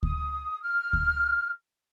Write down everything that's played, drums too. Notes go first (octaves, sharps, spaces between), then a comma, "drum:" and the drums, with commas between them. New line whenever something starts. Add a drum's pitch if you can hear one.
D#6, drum: kick D2
F6
drum: kick D2